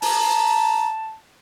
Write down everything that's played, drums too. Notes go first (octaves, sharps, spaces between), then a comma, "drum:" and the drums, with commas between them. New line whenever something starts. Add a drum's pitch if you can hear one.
A5 A#5, drum: open hi-hat